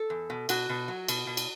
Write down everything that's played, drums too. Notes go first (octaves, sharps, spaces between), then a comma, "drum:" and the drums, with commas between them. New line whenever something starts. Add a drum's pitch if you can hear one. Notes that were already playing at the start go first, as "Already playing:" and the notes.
Already playing: A4
E2
B2
B2 F#4, drum: cymbal
B2
F#3
B2, drum: cymbal
B2
drum: cymbal